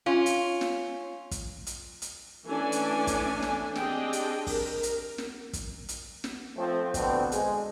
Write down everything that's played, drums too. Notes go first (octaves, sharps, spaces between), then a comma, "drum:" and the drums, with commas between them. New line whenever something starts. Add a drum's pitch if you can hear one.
C#4 F4
drum: hi-hat
drum: snare
drum: kick, hi-hat
drum: hi-hat
drum: hi-hat
E3 A3 C#4 D4 G#5
drum: hi-hat
drum: kick, hi-hat
drum: snare
C4 D4 G4 G#4 D#5 G5, drum: snare
drum: hi-hat
A#4, drum: kick, open hi-hat
drum: hi-hat
drum: snare
drum: kick, hi-hat
drum: hi-hat
drum: snare
F3 A3 C4
B2 D3 C4, drum: kick, hi-hat
G#3, drum: hi-hat